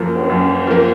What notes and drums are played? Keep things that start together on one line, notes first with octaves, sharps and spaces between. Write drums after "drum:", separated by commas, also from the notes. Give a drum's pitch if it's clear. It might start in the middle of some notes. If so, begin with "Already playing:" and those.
Already playing: F#2 F3 A#3
drum: cymbal
F#2
F3 A#3